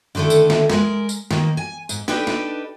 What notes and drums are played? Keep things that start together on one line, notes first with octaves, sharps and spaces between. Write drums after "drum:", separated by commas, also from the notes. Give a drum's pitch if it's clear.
D3 D#3 A3 E4 A4
drum: tambourine
drum: snare
G#3 A#4, drum: snare
drum: tambourine
D#3 A#3, drum: snare
G#5
G#2, drum: tambourine
D4 D#4 G4 A4 B4, drum: snare
drum: snare